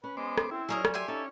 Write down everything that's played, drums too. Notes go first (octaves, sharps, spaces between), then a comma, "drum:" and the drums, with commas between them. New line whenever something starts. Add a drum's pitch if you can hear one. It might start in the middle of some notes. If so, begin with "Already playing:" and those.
C#4 B4
G#3 B3 C5 D6
drum: rim click
C4 E4
F#3 C#4 G#4 A#4 C5 D5 D#5
drum: rim click
G4 E5 G#5 C6
C#4 D#4 A4